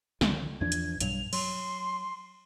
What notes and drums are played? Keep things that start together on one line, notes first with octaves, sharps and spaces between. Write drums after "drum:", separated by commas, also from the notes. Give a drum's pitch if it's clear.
C#2 D3 D#3, drum: snare
E2 F3 D4 G#6
drum: hi-hat
B1 G2 F#3 F7, drum: hi-hat
F#3 C6, drum: cymbal